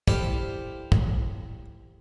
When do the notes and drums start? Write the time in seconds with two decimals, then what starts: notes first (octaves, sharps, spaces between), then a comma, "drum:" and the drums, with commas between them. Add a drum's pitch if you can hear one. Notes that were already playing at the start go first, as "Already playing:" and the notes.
0.08 E4 G4 A4 C5 D5 F5, drum: kick
0.92 drum: kick